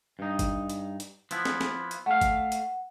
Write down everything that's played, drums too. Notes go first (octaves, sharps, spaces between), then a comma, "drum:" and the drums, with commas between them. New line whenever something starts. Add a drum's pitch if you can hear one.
G2 D#4
drum: kick G1, hi-hat
drum: hi-hat
drum: hi-hat
F3 B3 E4, drum: hi-hat
drum: snare
drum: snare
drum: hi-hat
A3 F5 F#5
drum: kick G1, hi-hat
drum: hi-hat